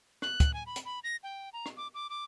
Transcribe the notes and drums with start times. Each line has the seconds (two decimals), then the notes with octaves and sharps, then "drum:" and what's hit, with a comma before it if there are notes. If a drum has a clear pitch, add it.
0.22 F#6, drum: rim click
0.40 drum: kick, hi-hat
0.54 G#5
0.66 B5
0.76 drum: hi-hat
0.85 B5
1.04 A#6
1.23 G5
1.53 A#5
1.66 drum: rim click
1.77 D6
1.94 D6
2.10 D6